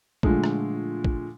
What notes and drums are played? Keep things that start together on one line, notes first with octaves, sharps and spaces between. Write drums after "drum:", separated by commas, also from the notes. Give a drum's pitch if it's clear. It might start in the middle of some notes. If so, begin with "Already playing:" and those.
A#2 D3 F3 G#3 A3, drum: kick
drum: rim click
drum: kick